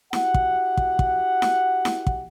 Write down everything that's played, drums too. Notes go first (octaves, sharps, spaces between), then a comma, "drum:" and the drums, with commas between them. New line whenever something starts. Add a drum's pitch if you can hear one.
E4 F#4 G4 F#5, drum: snare E4
drum: kick
drum: kick
drum: kick
drum: snare E4
drum: snare E4
drum: kick